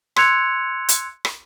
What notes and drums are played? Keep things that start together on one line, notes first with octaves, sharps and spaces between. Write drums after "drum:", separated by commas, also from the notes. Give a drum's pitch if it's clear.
C6 E6 F#6 G#6 C#7 F7, drum: rim click
drum: hi-hat
drum: rim click